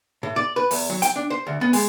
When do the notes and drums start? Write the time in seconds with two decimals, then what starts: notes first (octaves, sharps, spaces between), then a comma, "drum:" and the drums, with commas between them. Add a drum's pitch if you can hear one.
0.23 A2
0.36 D5
0.56 B4
0.71 E2, drum: open hi-hat
0.90 F#3
1.02 G5, drum: hi-hat
1.16 D4
1.30 C5
1.47 D2
1.61 B3
1.73 G#3, drum: open hi-hat